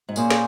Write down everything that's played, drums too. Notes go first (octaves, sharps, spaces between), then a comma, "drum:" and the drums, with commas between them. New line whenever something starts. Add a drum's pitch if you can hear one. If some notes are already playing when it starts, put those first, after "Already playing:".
G#2
A#2 A#3 C#4 G#4 C5, drum: tambourine
drum: snare